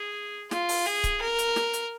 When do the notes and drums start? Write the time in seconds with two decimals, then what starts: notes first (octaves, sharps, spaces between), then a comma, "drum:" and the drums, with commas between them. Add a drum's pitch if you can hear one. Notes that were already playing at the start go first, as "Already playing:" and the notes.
Already playing: G#4
0.51 F4, drum: snare
0.69 drum: open hi-hat
0.86 G#4
1.04 drum: kick C#1, hi-hat
1.21 A#4
1.39 drum: hi-hat
1.56 drum: snare
1.73 drum: hi-hat